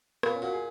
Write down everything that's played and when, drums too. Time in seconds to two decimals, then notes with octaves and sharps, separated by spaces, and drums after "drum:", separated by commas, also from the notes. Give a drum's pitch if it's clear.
0.23 A#2 B3, drum: rim click
0.34 C#4
0.42 A#2 F#4
0.53 G#4